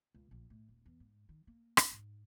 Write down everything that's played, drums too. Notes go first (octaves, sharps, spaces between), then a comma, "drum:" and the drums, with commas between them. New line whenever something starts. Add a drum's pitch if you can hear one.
C#2
A#1
A2
D#1
E2
G#2
D#3
A#3
drum: rim click
G#2